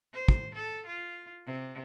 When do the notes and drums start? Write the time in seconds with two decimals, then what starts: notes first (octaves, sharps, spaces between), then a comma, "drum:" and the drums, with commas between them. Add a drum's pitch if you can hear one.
0.14 C5
0.28 drum: kick
0.54 A4
0.86 F4
1.45 C3